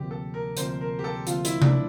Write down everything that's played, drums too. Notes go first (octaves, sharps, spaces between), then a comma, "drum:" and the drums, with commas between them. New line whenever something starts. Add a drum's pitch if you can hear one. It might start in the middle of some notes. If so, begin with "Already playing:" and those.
Already playing: D2 C3 F3 A#3 G4
A4
A#4
D2 C3 F3 A#3 C5, drum: hi-hat
A#4
G4
A4
D2 C3 F3 A#3 F4, drum: hi-hat
E4, drum: hi-hat
D4, drum: tom C3